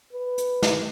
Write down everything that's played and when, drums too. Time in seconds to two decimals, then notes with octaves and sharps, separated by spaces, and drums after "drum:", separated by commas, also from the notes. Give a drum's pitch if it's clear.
0.13 B4
0.38 drum: hi-hat
0.63 drum: snare